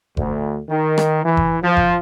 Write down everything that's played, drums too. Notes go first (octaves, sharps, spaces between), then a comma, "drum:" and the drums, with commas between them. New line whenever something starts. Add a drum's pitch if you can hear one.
D2, drum: kick F#1
D#3
drum: rim click
E3
drum: kick F#1
F3
drum: kick F#1